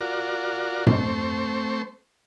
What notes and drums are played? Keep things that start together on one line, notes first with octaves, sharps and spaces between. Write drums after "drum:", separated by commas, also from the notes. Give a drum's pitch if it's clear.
F4 F#4 A#4 D5
A3 C4 C5 C#6, drum: tom F#2